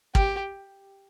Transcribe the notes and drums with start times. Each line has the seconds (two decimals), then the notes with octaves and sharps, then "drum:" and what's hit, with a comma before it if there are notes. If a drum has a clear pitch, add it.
0.15 G4, drum: kick